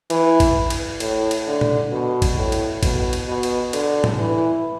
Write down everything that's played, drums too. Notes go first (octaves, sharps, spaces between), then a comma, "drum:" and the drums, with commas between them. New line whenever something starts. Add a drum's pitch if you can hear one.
E3, drum: cymbal
drum: kick, cymbal
drum: cymbal
A2, drum: cymbal
drum: cymbal
D3
drum: tom A#2
B2
drum: kick, cymbal
A2
drum: cymbal
B2, drum: kick, cymbal
drum: cymbal
B2
drum: cymbal
D3, drum: cymbal
drum: tom A2
E3